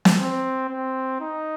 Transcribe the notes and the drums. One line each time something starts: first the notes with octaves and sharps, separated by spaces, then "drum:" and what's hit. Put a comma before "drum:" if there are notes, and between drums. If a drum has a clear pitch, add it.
drum: snare
C4
C4
D#4